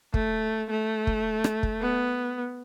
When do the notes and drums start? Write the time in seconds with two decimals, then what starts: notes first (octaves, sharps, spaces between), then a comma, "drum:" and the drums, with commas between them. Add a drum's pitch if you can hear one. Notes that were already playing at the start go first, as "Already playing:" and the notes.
0.14 A3, drum: kick
0.70 A3
1.07 drum: kick
1.44 drum: rim click
1.63 drum: kick
1.81 B3